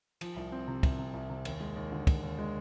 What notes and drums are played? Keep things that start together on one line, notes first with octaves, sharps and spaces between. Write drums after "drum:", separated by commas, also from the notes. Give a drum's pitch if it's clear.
F3, drum: cymbal
C2
C4
C3
C2, drum: kick, cymbal
C3
C2
C3
D#2, drum: cymbal
G#3
D#2
D3
D#2, drum: kick, cymbal
D#2
G#3